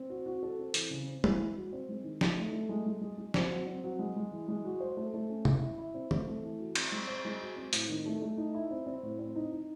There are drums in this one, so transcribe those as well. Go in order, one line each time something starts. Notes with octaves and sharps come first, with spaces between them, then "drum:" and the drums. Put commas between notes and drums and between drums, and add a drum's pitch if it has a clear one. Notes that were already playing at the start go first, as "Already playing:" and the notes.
Already playing: C4
F#4
F#4
A4
C4
E3, drum: hi-hat
C#3
C4
E3, drum: tom
G#3
F#4
C4
G#3
D#3
D#4, drum: snare
A3
A3
G#3
G#3
G#3
G#3
C4, drum: snare
F#3
C4
F#3
G#3
G#3
E3
G#3
F#4
C5
A3
A3
C#4
E4, drum: tom
E4
E4
C4
A3, drum: tom
A3
E3
F#4
C4, drum: cymbal
G#3
C5
G#3
F#4
C4
A2, drum: hi-hat
D#3
A3
A3
D#4
E4
C4
C4
A2
C4
D#4
D#4